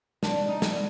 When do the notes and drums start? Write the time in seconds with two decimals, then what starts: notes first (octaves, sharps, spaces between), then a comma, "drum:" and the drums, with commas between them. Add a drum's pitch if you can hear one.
0.23 C3 D4, drum: snare
0.43 G3
0.48 D#4
0.62 G3, drum: snare